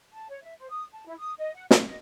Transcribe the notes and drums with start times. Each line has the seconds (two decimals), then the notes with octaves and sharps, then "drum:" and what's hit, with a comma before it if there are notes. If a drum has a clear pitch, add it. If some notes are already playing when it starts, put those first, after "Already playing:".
0.14 A5
0.29 C#5
0.42 E5
0.58 C5
0.70 D#6
0.92 A5
1.06 E4
1.18 D#6
1.37 D#5
1.54 F#5
1.71 F5, drum: snare
1.84 D#5